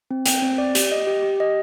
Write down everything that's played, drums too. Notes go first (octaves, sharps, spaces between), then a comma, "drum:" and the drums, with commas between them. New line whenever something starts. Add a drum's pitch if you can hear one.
C4
G5, drum: hi-hat
C4
D5
G4, drum: hi-hat
D#5
G4
G4
D#5